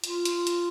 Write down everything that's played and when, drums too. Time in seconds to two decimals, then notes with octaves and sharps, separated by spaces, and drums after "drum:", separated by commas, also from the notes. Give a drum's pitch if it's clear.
0.04 F4, drum: hi-hat
0.25 drum: hi-hat
0.47 drum: hi-hat